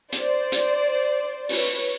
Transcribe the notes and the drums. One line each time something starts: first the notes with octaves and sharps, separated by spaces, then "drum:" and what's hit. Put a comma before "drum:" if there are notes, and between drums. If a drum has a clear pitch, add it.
C5 D5, drum: hi-hat
drum: hi-hat
B4 C#5, drum: open hi-hat